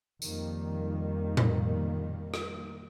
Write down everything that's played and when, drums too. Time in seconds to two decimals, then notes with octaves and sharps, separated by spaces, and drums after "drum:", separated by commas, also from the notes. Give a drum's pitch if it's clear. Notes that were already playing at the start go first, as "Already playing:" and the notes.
0.22 F2 D#3 G3 A#3, drum: tambourine
1.37 drum: tom A2
2.34 drum: rim click